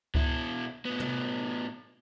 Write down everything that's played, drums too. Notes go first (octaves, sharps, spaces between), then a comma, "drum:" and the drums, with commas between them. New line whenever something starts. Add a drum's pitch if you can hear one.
B2 E4, drum: kick C#2
A2 B3
drum: tom